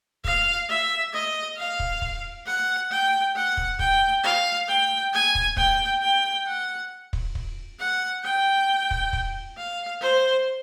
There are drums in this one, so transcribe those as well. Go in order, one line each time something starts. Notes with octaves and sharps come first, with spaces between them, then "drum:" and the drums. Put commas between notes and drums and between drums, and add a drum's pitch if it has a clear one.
F5, drum: kick
E5
D#5
F5
drum: kick
drum: kick
F#5
G5
F#5
drum: kick
G5, drum: kick
F5
G5
G#5
drum: kick
G5, drum: kick
G5
F#5
drum: kick
drum: kick
F#5
G5
drum: kick
drum: kick
F5
C5